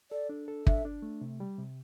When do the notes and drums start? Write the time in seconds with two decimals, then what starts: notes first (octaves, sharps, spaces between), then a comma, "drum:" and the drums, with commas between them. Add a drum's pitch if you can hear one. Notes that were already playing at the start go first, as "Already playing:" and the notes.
0.11 A4 D5
0.29 D4
0.48 A4
0.67 D4 E5, drum: kick
0.85 D4
1.02 A3
1.21 C3
1.40 G3
1.58 C3